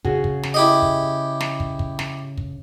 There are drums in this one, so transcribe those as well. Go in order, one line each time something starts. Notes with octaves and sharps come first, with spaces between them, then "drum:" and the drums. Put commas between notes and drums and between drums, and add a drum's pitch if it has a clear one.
C#3 F#4 G#4, drum: kick
drum: kick
drum: snare
E4 G4 D#5
drum: kick
drum: snare
drum: kick
drum: kick
drum: snare
drum: kick